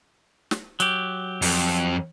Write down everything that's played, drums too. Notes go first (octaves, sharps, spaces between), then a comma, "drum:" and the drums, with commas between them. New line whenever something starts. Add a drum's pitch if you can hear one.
drum: snare
F#3 G4, drum: hi-hat
F2, drum: open hi-hat